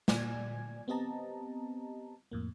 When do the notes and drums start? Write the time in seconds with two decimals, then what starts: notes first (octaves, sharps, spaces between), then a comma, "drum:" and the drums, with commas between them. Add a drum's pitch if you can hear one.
0.08 A#2 D5 G#5 G#6, drum: snare
0.88 B3 C4 G4 D#5 A5 A#5
2.32 F2 A2 A#3